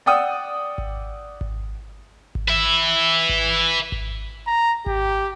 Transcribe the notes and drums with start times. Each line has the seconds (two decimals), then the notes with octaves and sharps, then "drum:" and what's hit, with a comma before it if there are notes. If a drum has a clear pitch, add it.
0.06 D5 F#5 G5 D#6 E6
0.78 drum: kick G#1
1.41 drum: kick G#1
2.35 drum: kick G#1
2.48 B4 E5
3.29 drum: kick G#1
3.92 drum: kick G#1
4.47 A#5
4.86 G4, drum: kick G#1